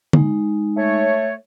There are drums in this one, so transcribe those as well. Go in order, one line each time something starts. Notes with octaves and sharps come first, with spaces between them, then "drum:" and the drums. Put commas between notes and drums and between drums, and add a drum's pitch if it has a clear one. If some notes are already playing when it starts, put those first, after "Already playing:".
G#3 D#4, drum: tom D3
A3 C#5